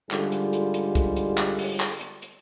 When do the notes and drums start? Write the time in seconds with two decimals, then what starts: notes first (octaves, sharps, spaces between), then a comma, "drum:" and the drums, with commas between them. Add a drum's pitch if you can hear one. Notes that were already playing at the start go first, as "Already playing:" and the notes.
0.11 G#2 D3 G3 F4 G#4, drum: clap
0.32 drum: hi-hat
0.53 drum: hi-hat
0.74 drum: hi-hat
0.95 drum: kick, hi-hat
1.16 drum: hi-hat
1.38 drum: clap
1.59 drum: open hi-hat
1.80 drum: clap
2.01 drum: hi-hat
2.22 drum: hi-hat